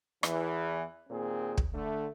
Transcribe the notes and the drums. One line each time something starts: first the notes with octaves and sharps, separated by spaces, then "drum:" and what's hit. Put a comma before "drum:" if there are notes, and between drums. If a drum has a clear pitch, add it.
E2 E3, drum: rim click
D#2 A#2 C4 G#4
drum: kick
D3 A3